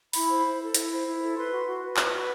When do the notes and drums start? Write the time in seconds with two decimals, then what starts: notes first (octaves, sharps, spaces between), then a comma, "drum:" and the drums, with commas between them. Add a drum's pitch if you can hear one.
0.13 E4 B5, drum: open hi-hat
0.29 C5
0.45 E4
0.60 A4
0.75 E4, drum: hi-hat
0.90 C5
1.05 E4
1.21 A4
1.35 B4 C6
1.51 F#4
1.66 F#4
1.82 B4
1.97 B4, drum: clap
2.12 F#4